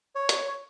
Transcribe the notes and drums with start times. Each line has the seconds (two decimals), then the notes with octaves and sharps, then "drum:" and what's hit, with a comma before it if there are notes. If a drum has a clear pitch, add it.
0.15 C#5
0.29 drum: hi-hat